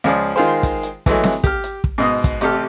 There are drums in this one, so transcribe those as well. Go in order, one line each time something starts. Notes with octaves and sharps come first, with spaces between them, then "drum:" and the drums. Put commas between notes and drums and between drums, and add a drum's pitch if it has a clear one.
C#2 F3 G#4 D5
D#3 G#3 F4 G#4 C5
drum: kick, hi-hat
drum: hi-hat
E3 F#3 G#3 A3, drum: kick, hi-hat
drum: snare C4
G4 F6, drum: kick, hi-hat
drum: hi-hat
drum: kick
G#2 B2 D#5
drum: kick, hi-hat
A1 C3 G4 A4 F6, drum: hi-hat